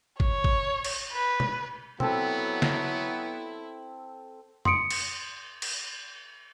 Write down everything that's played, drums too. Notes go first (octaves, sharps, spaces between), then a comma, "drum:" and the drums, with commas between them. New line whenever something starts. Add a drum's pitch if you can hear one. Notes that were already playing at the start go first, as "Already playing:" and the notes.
C#5, drum: kick
drum: kick
drum: cymbal
B4
drum: tom B2
F#3 B3 C4 E4 A4, drum: tom B2
drum: snare
C6 D#6 C#7 D7, drum: tom F2
drum: cymbal
drum: cymbal